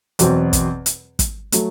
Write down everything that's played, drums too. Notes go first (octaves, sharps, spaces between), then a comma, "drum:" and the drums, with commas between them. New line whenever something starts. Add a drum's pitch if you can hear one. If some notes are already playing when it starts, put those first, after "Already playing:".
E2 B2 F#3 C4, drum: hi-hat
drum: kick, hi-hat
drum: hi-hat
drum: kick, hi-hat
F#3 A3, drum: hi-hat